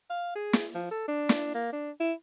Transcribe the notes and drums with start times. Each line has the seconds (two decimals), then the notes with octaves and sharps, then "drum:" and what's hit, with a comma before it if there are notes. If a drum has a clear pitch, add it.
0.10 F5
0.36 G#4
0.53 drum: snare
0.75 F3
0.91 A4
1.08 D4
1.29 drum: snare
1.55 A#3
1.73 D4
2.00 E4